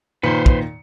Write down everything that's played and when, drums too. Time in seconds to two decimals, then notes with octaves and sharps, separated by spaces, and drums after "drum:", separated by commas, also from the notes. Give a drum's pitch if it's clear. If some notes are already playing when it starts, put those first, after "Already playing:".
0.23 A#2 D#3 B4 C5 C#7
0.46 drum: kick